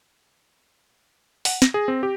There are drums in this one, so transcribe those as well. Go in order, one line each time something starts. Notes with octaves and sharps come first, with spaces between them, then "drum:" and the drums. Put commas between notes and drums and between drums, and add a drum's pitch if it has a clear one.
F#5, drum: open hi-hat
A#6, drum: snare
G#4
C4
G4